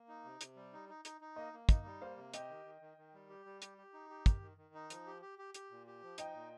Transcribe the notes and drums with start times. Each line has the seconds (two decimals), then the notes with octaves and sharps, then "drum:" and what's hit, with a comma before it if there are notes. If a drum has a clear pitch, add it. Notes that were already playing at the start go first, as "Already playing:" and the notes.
Already playing: A#3
0.08 D#4
0.24 C3
0.41 C3, drum: hi-hat
0.56 G3
0.73 D#4
0.89 D#4
1.05 D#4, drum: hi-hat
1.21 D#4
1.36 A#3 D#5
1.53 A#3
1.69 D#4 D#5, drum: kick, hi-hat
1.86 G3
2.01 A#3 C5 F5
2.17 C3
2.34 G4 D#5 G5, drum: hi-hat
2.50 D#3
2.66 D#3
2.81 D#3
2.97 D#3
3.14 G3
3.30 G4
3.46 G3
3.62 G4, drum: hi-hat
3.78 G4
3.93 D#4
4.10 G4
4.26 D#3, drum: kick, hi-hat
4.42 D#3
4.57 D#3
4.74 D#4
4.90 F3, drum: hi-hat
5.06 G4
5.22 G4
5.39 G4
5.54 G4, drum: hi-hat
5.71 A#2
5.87 G4
6.03 F3
6.18 D#4 D#5 G5, drum: hi-hat
6.34 A#2